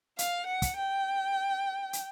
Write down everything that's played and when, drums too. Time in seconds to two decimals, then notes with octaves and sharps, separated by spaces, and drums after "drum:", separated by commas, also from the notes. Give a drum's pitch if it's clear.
0.19 F5, drum: hi-hat
0.47 F#5
0.62 drum: kick, hi-hat
0.77 G5
1.93 drum: hi-hat